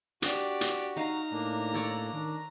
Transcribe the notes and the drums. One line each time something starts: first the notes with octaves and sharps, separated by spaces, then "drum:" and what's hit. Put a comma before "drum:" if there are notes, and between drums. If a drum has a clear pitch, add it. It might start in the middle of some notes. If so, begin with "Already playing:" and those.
D4 F#4 G4 D5, drum: hi-hat
drum: hi-hat
D#4 F5 A#5
A2 A#3 D4
A4 C#5 D5
D#3 D4